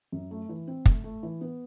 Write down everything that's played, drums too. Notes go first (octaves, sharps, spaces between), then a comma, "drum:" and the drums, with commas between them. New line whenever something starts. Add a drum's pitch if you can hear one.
F#2
A3
E3
C4
A3, drum: kick
A3
E3
B3